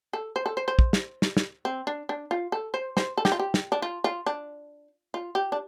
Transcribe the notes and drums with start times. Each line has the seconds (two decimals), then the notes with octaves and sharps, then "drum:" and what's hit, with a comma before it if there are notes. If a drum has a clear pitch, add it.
0.13 A4
0.36 C5
0.46 A4
0.57 C5
0.68 C5
0.79 drum: kick
0.93 drum: snare
1.22 drum: snare
1.37 drum: snare
1.65 C4
1.87 D4
2.09 D4
2.31 F4
2.52 A4
2.74 C5
2.97 C5, drum: snare
3.18 A4
3.25 G4, drum: snare
3.32 F4
3.39 G4
3.54 drum: snare
3.72 D4
3.82 F4
4.04 F4
4.26 D4
5.14 F4
5.35 G4
5.52 D4